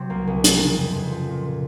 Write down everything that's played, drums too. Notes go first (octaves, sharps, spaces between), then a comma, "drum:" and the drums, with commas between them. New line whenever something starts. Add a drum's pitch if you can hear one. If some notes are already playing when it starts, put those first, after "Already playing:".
Already playing: C3 F#3 C4
C2 A#3
C2
F3, drum: hi-hat
C#3
F2
F2
F3
A#2